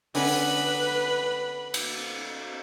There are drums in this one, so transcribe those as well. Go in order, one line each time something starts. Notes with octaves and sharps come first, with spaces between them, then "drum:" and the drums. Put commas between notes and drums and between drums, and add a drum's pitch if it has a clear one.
D3 B3 C#4 B4 B5, drum: open hi-hat
drum: cymbal